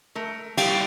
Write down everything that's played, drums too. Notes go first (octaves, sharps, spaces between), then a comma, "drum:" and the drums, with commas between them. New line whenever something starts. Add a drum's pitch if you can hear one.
A3 A#4
G3 F5 G5, drum: cymbal